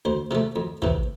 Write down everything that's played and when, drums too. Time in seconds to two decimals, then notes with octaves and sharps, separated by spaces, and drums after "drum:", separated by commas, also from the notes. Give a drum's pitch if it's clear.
0.05 D2 C5
0.31 C3 F3 A3
0.56 F2
0.82 C3 E3, drum: kick